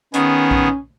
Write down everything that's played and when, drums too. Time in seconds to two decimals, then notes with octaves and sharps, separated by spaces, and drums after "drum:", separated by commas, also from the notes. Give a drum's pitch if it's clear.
0.14 D#3 B3 C#4 G#4, drum: hi-hat
0.51 drum: kick A#1